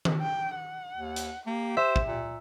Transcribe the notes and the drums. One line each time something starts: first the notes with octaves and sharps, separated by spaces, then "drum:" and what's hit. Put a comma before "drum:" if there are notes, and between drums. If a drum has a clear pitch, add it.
drum: tom D#3
G5
F#5
D#2
drum: hi-hat
A#3 G4
C5 E5
drum: kick
A#2